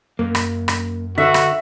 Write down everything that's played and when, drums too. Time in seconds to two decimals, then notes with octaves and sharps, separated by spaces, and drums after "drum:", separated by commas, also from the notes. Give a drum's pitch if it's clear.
0.19 F#2 A#3
0.35 drum: rim click
0.68 drum: rim click
1.18 D3 F#4 A4 B4 E5
1.34 drum: rim click